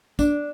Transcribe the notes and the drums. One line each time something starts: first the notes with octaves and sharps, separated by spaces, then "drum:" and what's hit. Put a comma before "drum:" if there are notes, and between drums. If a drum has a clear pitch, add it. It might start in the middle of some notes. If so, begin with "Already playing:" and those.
D4, drum: kick, tambourine